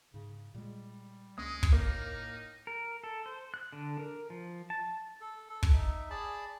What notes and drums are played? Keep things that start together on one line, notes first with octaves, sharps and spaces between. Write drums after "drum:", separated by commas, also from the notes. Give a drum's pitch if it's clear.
G#2 C#3
A#2 G3 G#3
C#2 G#3 A#3 C#4 D#6
drum: kick
E2 A2 A#3 D#4
A#4
A4
C5
F#6
D3
A#4
F3
A5
A4
A4
drum: kick
D#4 E5
G#4 D5 A5 B5